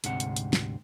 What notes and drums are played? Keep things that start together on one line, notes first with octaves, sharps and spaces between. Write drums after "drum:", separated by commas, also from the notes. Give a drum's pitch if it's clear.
D2 G#2 C3 F#5, drum: hi-hat
drum: hi-hat
drum: hi-hat
drum: snare